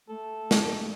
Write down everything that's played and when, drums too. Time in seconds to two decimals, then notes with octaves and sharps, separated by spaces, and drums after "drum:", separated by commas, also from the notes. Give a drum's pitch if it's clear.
0.09 A3 A4
0.51 drum: snare